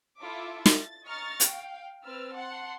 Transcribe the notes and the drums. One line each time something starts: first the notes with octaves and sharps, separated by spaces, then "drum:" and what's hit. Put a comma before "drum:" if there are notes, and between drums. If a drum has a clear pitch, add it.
E4 F4 A4 E5 D6
A6, drum: snare
D#5 A#5 C#6 F6 A6 A#6
F5 G5, drum: hi-hat
C4 B4 E6 F6 A6
F#5 A5 C6